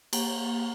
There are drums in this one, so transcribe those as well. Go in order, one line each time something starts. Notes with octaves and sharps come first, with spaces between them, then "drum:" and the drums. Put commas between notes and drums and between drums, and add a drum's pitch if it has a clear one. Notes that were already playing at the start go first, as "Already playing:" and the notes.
A#3, drum: cymbal